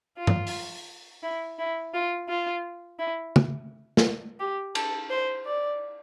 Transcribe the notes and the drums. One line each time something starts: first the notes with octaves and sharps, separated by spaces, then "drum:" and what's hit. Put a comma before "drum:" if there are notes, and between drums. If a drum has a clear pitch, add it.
F4
drum: tom
drum: open hi-hat
E4
E4
F4
F4
E4
drum: tom
drum: snare
G4
A4, drum: cymbal
C5
D5